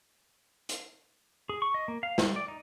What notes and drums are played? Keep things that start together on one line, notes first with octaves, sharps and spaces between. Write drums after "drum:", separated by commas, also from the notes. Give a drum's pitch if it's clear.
drum: hi-hat
G#4
C#6
D#5
A#3
F5
G3, drum: snare
D5
D#4